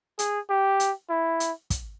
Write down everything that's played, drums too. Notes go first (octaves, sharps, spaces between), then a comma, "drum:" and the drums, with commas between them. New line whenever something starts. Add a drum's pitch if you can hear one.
G#4, drum: hi-hat
G4
drum: hi-hat
E4
drum: hi-hat
drum: kick, hi-hat